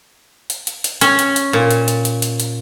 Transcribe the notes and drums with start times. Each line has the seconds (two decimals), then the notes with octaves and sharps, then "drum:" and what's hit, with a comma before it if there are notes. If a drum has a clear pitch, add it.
0.50 drum: hi-hat
0.67 drum: hi-hat
0.84 drum: hi-hat
1.01 C#4, drum: hi-hat
1.19 drum: hi-hat
1.36 drum: hi-hat
1.53 A#2
1.71 drum: hi-hat
1.88 drum: hi-hat
2.05 drum: hi-hat
2.22 drum: hi-hat
2.40 drum: hi-hat